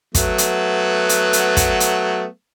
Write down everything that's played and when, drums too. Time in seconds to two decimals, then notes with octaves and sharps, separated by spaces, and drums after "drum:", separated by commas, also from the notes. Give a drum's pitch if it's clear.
0.15 F#3 A3 B3, drum: kick, hi-hat
0.38 drum: hi-hat
1.09 drum: hi-hat
1.33 drum: hi-hat
1.57 drum: kick, hi-hat
1.80 drum: hi-hat